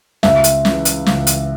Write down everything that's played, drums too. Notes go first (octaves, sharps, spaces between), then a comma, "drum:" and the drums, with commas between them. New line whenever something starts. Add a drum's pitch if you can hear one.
C#2 E5, drum: snare
drum: hi-hat
C#3 E3, drum: snare
drum: hi-hat
C#2, drum: snare
drum: hi-hat